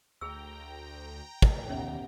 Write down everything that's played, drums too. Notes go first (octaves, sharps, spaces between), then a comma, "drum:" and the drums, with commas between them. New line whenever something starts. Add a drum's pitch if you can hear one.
D2 G#4 G5 A#5 E6
drum: kick
D#2 B3 C#4 G4 C#5 E5 F#5